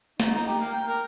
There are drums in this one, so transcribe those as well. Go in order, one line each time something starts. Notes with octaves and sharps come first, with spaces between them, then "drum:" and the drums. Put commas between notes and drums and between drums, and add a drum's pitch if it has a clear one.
D#4, drum: snare
D#4
G4
A#3
G5
A#4